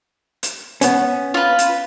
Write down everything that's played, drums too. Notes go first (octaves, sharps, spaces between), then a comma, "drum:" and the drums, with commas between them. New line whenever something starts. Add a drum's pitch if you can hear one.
drum: hi-hat
B3 C#4, drum: hi-hat
F4 B4
drum: hi-hat